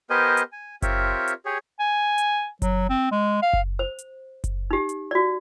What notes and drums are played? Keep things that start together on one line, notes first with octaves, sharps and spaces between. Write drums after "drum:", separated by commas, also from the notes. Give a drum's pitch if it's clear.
B3 G4 A#4 C5 D#5 G#5
drum: hi-hat
G#5
C4 F4 G4 A#4 C#5 E5, drum: kick F#1, hi-hat
drum: hi-hat
G4 G#4 C#5
G#5
drum: hi-hat
F#3, drum: kick F#1, hi-hat
C4
G#3
F5
drum: kick F#1
C5
drum: hi-hat
drum: kick F#1, hi-hat
D#4 G4
drum: hi-hat
F#4 D5